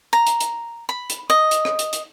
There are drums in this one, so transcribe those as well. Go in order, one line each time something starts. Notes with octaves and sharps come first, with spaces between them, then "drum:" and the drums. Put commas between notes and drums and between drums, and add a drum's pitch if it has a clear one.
A#5
drum: hi-hat
drum: hi-hat
B5
drum: hi-hat
D#5
drum: hi-hat
drum: rim click
drum: hi-hat
drum: hi-hat